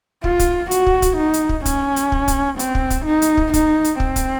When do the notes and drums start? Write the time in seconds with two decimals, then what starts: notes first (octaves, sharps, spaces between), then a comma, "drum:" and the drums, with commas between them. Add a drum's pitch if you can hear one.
0.24 F4, drum: kick
0.39 drum: kick, hi-hat
0.71 F#4, drum: hi-hat
0.86 drum: kick
1.02 drum: kick, hi-hat
1.18 D#4
1.34 drum: hi-hat
1.49 drum: kick
1.65 C#4, drum: kick, hi-hat
1.96 drum: hi-hat
2.12 drum: kick
2.28 drum: kick, hi-hat
2.59 C4, drum: hi-hat
2.75 drum: kick
2.90 drum: kick, hi-hat
3.06 D#4
3.22 drum: hi-hat
3.37 drum: kick
3.54 D#4, drum: kick, hi-hat
3.84 drum: hi-hat
4.00 C4, drum: kick
4.16 drum: kick, hi-hat